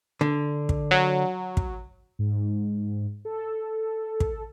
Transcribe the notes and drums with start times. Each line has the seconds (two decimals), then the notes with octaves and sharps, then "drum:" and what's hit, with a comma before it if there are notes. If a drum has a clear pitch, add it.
0.21 D3
0.69 drum: kick
0.91 F#3
1.57 drum: kick
2.19 G#2
3.25 A4
4.20 drum: kick